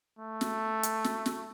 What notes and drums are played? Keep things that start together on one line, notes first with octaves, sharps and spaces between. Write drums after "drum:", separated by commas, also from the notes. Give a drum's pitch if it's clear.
A3
drum: snare
drum: hi-hat
drum: snare
drum: snare